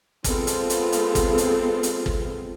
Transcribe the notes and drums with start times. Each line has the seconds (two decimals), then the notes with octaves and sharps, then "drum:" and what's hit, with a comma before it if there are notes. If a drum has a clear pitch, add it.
0.24 G#3 B3 C4 F4 A4, drum: kick, hi-hat
0.47 drum: hi-hat
0.70 drum: hi-hat
0.92 drum: hi-hat
1.15 drum: kick, hi-hat
1.38 drum: hi-hat
1.83 drum: hi-hat
2.06 drum: kick